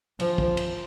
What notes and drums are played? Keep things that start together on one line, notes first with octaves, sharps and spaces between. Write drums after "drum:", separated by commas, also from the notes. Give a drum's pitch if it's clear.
F3, drum: cymbal
drum: kick
drum: cymbal